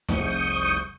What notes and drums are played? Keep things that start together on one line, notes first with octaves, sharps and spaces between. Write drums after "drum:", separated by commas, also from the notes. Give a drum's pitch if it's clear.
F1 C2 G#2 C#6 D#6 G6, drum: tom F2